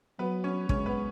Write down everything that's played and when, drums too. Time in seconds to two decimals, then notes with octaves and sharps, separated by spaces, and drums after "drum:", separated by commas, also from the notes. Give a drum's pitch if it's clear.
0.19 F#3 B3 B4
0.44 C#4 C#5
0.69 G#3 C#4 C#5, drum: kick
0.86 B3 B4